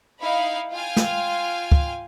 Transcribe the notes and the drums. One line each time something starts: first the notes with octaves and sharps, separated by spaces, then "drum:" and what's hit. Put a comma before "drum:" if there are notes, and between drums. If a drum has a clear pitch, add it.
D#4 E4 F5 B5
F4 F5 G5 G#5 F6
drum: snare
drum: kick